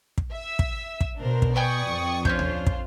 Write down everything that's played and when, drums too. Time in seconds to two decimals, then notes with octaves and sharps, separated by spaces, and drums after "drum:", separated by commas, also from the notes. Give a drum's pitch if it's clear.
0.18 drum: kick
0.32 E5 E6
0.59 drum: kick
1.01 drum: kick
1.19 B2 D4 A#4 C5
1.42 drum: kick
1.56 B4 D5 G5 G#5 C#6 D#6
1.90 F2
2.25 C#4 D4 F4 C5 C#5 G6, drum: kick
2.39 drum: tom D2
2.67 drum: kick